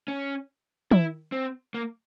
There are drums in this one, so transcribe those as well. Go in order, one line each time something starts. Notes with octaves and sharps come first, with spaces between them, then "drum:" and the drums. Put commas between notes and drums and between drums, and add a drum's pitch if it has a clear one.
C#4
E4, drum: tom
C4
A#3